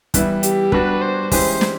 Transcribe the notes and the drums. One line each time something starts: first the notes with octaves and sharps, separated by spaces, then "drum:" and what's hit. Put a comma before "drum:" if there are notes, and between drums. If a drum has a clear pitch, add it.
E3 G3 B3 E4, drum: kick, hi-hat
G4, drum: hi-hat
G3 B3 D4 F#4 B4, drum: kick
C5
E3 G#3 C#4 E4 G4 C5, drum: kick, open hi-hat
drum: snare